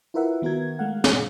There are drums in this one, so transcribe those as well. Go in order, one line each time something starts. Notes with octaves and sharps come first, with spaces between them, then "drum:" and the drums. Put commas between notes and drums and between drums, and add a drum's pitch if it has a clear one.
E4 F4 A#4 B4 E5 F#5
D#3 B3 F#4 A#4 G#6
G#3 A3 F5 F#5
drum: snare